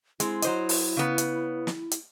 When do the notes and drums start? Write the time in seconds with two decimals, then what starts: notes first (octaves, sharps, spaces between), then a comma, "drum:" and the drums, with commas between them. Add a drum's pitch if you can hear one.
0.20 G#3 C4 E4, drum: hi-hat
0.42 F#3 C5 D#5, drum: hi-hat
0.69 drum: open hi-hat
0.97 C#3 B3
1.18 drum: hi-hat
1.67 drum: snare
1.91 drum: hi-hat